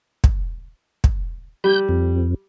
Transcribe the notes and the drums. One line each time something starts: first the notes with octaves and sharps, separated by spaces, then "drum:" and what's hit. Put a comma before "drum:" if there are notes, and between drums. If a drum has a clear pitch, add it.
drum: kick
drum: kick
G3 G6
F2